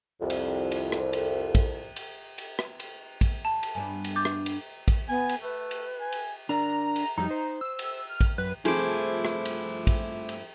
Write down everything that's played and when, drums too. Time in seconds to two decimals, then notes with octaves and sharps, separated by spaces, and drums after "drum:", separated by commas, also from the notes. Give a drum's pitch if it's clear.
0.21 C2 F2
0.30 drum: cymbal
0.72 drum: cymbal
0.92 drum: rim click
1.13 drum: cymbal
1.55 drum: kick, cymbal
1.96 drum: cymbal
2.38 drum: cymbal
2.59 drum: rim click
2.80 drum: cymbal
3.21 drum: kick, cymbal
3.45 A5
3.63 drum: cymbal
3.75 G2 B3 D4 G#5
4.04 drum: cymbal
4.16 D6 G6 A6
4.25 drum: rim click
4.46 drum: cymbal
4.88 drum: kick, cymbal
5.08 B3 G#5
5.29 drum: cymbal
5.42 A3 B4
5.71 drum: cymbal
6.00 G#5
6.13 drum: cymbal
6.49 D4 A#4 D5 A#5
6.96 drum: cymbal
7.18 F2 F#3 G3 D#4
7.31 C5
7.61 E6
7.79 drum: cymbal
8.09 F6
8.21 drum: kick, cymbal
8.38 F#2 B4
8.65 G2 F3 A3 C4 E4 G#4 C5 D6, drum: cymbal
9.25 drum: rim click
9.45 drum: cymbal
9.87 drum: kick, cymbal
10.29 drum: cymbal